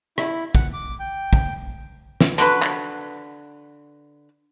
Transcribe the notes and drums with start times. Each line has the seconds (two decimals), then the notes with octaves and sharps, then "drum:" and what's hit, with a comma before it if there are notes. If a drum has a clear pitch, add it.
0.18 E4, drum: rim click
0.55 F#5, drum: kick
0.73 D6
1.00 G5
1.33 drum: kick
2.21 drum: snare
2.38 D3 F#4 B4, drum: hi-hat
2.62 drum: clap